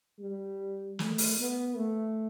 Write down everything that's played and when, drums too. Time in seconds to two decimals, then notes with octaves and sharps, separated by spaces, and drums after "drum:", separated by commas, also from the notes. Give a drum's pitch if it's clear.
0.19 G3
0.99 A3, drum: snare
1.18 drum: open hi-hat
1.38 B3
1.76 A3